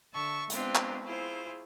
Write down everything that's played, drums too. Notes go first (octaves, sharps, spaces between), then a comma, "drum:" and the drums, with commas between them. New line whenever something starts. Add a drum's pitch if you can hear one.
D3 E5 A5 C#6
G#3 B3 C4 D4 F4, drum: hi-hat
drum: clap
E4 F4 G#4 C5